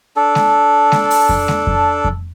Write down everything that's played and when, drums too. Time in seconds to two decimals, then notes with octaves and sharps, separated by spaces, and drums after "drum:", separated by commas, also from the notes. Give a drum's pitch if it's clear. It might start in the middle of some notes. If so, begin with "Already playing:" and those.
0.16 D4 A4
0.35 drum: snare G#3
0.92 drum: snare G#3
1.10 drum: open hi-hat
1.29 drum: kick F2
1.48 drum: snare G#3
1.67 drum: kick F2
2.05 drum: kick F2